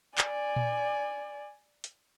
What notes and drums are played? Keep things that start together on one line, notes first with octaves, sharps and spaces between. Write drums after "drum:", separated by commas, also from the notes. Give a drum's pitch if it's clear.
D5 G#5, drum: clap
drum: tom A#2
drum: hi-hat